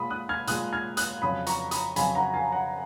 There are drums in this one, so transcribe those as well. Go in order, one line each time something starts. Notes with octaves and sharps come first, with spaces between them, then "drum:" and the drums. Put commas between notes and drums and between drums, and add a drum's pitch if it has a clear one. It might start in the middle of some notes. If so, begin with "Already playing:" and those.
Already playing: A#2 G#3 B5 D#6
D#6 F#6
F6 G#6
A#2 G#3 D#6 F#6, drum: hi-hat
F6 G#6
D#6 F#6, drum: hi-hat
F2 C#3 F#3 B5 D#6
A#5 C#6, drum: hi-hat
B5 D#6, drum: hi-hat
F2 C#3 F#3 G#5 B5, drum: hi-hat
F#5 A#5
F5 G#5
F#5 A#5